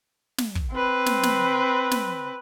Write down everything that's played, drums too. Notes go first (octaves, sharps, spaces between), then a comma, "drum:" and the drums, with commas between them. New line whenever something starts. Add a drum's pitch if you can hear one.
drum: snare
drum: kick
C4 B4
drum: snare
drum: snare
drum: snare